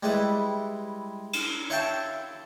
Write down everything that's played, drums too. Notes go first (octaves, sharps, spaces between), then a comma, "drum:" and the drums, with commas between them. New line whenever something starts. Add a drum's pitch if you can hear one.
G3 G#3 E4 B4
drum: cymbal
C#5 E5 F5 G5 A5 C#6